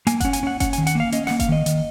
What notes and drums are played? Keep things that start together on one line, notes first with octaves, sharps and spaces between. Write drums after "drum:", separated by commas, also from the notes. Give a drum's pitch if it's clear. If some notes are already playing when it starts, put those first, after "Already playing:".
A#3 G#5, drum: hi-hat
C#4 F#5, drum: kick F#1, hi-hat
G#5, drum: hi-hat
C#4 F#5
C#4 F#5, drum: kick F#1, hi-hat
D#3 G#5, drum: hi-hat
F#5, drum: hi-hat
A#3 F5
C#4 D#5, drum: hi-hat
A#3 F#5, drum: snare
F5, drum: kick F#1, hi-hat
D#3 D#5
D#3, drum: hi-hat